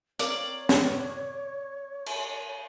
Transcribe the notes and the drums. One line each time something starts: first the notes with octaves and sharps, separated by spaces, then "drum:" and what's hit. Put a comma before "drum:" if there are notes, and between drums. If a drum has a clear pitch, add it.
C4 A#4 C#5 D5 F5, drum: hi-hat
drum: snare
drum: cymbal